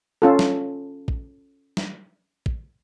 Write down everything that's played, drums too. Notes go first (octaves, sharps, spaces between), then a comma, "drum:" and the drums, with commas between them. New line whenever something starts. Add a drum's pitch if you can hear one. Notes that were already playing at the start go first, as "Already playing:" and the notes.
C#4 F4 A4
drum: snare
drum: kick
drum: snare
drum: kick